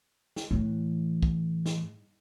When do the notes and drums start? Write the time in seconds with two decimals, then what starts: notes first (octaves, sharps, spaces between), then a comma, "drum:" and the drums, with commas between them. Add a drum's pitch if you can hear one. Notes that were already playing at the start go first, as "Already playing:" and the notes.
0.36 drum: snare
0.51 A2 E3
1.23 drum: kick
1.66 drum: snare